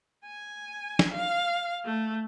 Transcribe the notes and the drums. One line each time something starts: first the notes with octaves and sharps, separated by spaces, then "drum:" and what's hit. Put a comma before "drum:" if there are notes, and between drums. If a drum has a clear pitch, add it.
G#5
drum: snare
F5
A3